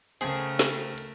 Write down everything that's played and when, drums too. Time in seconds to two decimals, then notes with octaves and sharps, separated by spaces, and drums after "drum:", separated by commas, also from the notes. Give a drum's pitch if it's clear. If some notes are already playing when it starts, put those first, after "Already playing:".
0.21 C#3 A3 G#4 A#4 C5 G5 A5, drum: hi-hat
0.59 drum: snare
0.98 drum: hi-hat